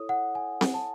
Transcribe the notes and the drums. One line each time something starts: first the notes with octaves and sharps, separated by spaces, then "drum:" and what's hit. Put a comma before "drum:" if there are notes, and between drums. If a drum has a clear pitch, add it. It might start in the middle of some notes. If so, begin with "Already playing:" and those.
Already playing: E4 A4 C#5 D#6
F#5
G#5
drum: snare C4
A5